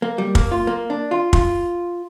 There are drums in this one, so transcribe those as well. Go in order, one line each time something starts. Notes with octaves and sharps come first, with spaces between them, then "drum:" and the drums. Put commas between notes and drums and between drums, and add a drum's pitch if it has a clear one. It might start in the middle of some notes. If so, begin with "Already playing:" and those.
A#3
G3
A#3, drum: kick
F4
A#3
D4
F4
F4, drum: kick